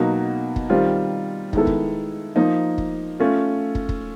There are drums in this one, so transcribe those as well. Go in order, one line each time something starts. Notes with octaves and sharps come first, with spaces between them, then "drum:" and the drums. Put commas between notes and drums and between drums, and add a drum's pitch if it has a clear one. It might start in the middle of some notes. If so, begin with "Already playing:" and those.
Already playing: B2 F#3 A#3 D#4 F#4
drum: kick
D#3 G3 C4 F4
D#3 G#3 B3 E4 A4, drum: kick
drum: kick
F3 A#3 D#4
drum: kick
A3 C#4 F4
drum: kick
drum: kick